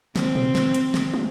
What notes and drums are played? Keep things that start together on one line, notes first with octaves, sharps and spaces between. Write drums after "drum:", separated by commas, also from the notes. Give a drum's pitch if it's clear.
C4, drum: snare
drum: tom A#2
drum: snare
drum: hi-hat
drum: snare
drum: tom